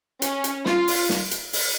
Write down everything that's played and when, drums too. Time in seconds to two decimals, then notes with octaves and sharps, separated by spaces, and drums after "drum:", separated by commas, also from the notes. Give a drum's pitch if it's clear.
0.22 C#4, drum: hi-hat
0.44 drum: hi-hat
0.66 F4, drum: snare
0.88 drum: open hi-hat
1.09 drum: snare
1.31 drum: hi-hat
1.53 drum: open hi-hat